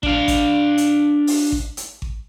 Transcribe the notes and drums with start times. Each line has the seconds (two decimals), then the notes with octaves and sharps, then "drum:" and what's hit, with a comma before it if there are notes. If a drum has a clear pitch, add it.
0.03 D4 F5, drum: kick G#1
0.28 drum: kick G#1, hi-hat
0.78 drum: hi-hat
1.27 drum: open hi-hat
1.52 drum: kick G#1
1.77 drum: hi-hat
2.02 drum: kick G#1